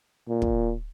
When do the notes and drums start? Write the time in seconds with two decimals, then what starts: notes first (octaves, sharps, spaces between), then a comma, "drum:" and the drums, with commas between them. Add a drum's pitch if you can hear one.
0.29 A#2
0.42 drum: kick